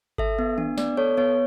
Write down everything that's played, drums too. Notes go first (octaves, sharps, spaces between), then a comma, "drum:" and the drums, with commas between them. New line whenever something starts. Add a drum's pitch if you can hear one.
A4 E5, drum: kick G#1
B3
D4, drum: tom D#3
B3 D5, drum: snare
A4 C#5
B3 C#5